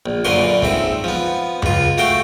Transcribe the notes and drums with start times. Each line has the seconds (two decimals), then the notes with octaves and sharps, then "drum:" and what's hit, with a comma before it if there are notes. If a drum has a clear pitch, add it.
0.06 A#1
0.25 F#2 A#2 D3 B4 C6 C#6
0.62 G#2 C4 E5, drum: kick
1.04 F3 B3
1.62 C#2 F4, drum: tom F#2
1.98 A3 F#4 F5 G5